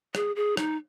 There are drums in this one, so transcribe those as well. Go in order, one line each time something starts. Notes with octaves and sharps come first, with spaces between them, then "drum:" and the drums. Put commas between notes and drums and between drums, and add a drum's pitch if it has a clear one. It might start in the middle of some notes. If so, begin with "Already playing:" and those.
G#4, drum: rim click
G#4
D#4, drum: rim click